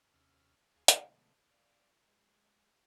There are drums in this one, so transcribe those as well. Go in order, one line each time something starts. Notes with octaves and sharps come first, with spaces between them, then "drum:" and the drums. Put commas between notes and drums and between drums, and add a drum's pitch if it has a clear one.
D#2 C3 C#4 E6 F6
D2 G#4 F5 G#5
B2 D3 F3 G#3 A3 B3, drum: hi-hat
D5 F5
G#3